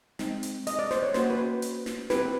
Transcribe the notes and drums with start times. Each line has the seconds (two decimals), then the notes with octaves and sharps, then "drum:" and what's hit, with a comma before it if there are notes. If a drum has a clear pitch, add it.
0.19 G#3 C4 D#4, drum: snare
0.43 drum: hi-hat
0.67 D#5, drum: hi-hat
0.79 D5
0.91 C5, drum: snare
1.03 C#5
1.14 A#3 C#4 F#4 C5, drum: snare
1.30 B4
1.62 drum: hi-hat
1.86 drum: snare
2.10 C4 E4 G4 B4, drum: snare